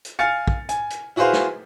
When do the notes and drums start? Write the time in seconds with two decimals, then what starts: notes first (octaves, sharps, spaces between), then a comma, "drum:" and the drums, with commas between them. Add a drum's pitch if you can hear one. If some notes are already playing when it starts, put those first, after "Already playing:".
0.05 drum: hi-hat
0.19 F5 G#5 F6 A6 C#7
0.47 drum: kick
0.69 G#5, drum: hi-hat
0.90 drum: hi-hat
1.16 E4 F#4 G#4 B4 C5 F5
1.33 drum: snare